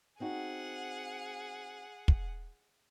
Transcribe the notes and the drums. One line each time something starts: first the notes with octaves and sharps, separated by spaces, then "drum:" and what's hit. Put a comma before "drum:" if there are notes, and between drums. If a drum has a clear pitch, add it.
C4 D#4 F#4 G#4 F#5
drum: kick